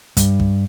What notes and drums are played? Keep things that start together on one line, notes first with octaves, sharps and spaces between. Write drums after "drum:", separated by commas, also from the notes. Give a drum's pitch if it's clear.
G2, drum: kick, hi-hat
drum: kick